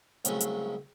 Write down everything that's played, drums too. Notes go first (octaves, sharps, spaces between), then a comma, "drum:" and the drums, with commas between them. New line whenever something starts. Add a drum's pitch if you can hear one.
C2 C#3 F#3 G#3 A3, drum: hi-hat
drum: hi-hat